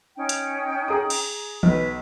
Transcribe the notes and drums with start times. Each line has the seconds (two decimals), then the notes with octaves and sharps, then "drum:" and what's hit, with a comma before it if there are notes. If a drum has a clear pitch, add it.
0.16 C#4 D#4 G5
0.29 drum: hi-hat
0.88 G#4 A#5 D#6
1.10 drum: cymbal
1.63 B1 B4, drum: tom